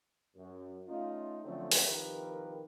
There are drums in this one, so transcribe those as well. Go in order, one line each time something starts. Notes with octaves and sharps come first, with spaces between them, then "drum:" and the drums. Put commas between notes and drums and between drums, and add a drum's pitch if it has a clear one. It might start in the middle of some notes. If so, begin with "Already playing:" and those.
F#2
A3 C#4 D#4 F4
D3 F3 F#3 A3 C4 C#4
drum: open hi-hat
C2 D#3 F3 G4 A#4 B4